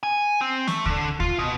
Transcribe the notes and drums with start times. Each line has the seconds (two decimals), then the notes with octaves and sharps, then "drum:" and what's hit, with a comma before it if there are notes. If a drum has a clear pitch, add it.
0.03 G#5
0.41 C4
0.68 A3, drum: snare
0.86 D3, drum: kick D2
1.20 F4, drum: kick D2
1.39 B2